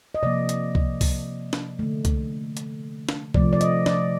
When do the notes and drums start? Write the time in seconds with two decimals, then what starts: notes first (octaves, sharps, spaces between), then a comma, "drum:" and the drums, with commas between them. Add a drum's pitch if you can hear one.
0.15 D#5
0.23 C3 F3 A#3 D5
0.49 drum: hi-hat
0.75 drum: kick
1.01 drum: kick, open hi-hat
1.53 drum: snare
1.79 D3 A3
2.05 drum: kick, hi-hat
2.57 drum: hi-hat
3.09 drum: snare
3.34 C3 F3 A3 D5, drum: kick
3.53 D5
3.61 D#5, drum: hi-hat
3.86 D5, drum: snare